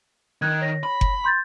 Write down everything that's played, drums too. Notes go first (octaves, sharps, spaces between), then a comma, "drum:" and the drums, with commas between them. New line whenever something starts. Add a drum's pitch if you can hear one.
D#3 F#6 G#6
C#5 A#6
B5
drum: kick F#1
C6 G6 A6